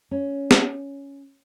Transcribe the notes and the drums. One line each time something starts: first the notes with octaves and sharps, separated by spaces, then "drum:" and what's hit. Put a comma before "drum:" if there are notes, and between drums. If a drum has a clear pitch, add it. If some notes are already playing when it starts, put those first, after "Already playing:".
C#4
drum: snare B3